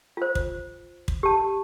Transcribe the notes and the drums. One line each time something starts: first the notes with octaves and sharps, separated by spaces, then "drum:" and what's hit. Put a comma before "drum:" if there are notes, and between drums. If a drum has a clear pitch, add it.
F4 C5
drum: kick
drum: kick
G4 A5